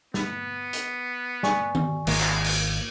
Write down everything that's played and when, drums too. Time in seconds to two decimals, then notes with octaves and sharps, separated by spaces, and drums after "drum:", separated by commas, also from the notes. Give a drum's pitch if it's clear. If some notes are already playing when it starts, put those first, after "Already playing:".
0.14 B3, drum: snare
0.73 drum: hi-hat
1.43 D5 G#5 C#6, drum: snare
1.75 drum: tom D#3
2.07 G#1 D#3 G#3 A#3, drum: cymbal
2.20 drum: clap
2.44 drum: cymbal